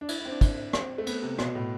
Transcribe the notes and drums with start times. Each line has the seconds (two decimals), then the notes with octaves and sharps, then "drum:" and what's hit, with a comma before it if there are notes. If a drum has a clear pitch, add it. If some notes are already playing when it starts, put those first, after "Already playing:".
0.01 D4
0.08 E4, drum: cymbal
0.20 E4
0.25 C4
0.30 D4
0.41 drum: kick, cymbal
0.73 C4, drum: rim click
0.98 A3
1.07 B3, drum: cymbal
1.22 C3
1.38 B2, drum: rim click
1.55 A2